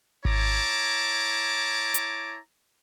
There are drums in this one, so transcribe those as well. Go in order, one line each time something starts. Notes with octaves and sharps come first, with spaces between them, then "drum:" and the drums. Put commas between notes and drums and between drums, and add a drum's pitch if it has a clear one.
E4 C#5 A5 A#5 D6, drum: kick G#1
drum: hi-hat